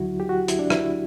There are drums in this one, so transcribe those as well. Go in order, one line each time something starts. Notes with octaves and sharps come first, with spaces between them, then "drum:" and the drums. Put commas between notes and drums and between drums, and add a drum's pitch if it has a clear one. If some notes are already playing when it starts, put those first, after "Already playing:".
Already playing: D2 D3 F#3 E4 F#4
G4
F#4
E4, drum: hi-hat
D4
E4, drum: rim click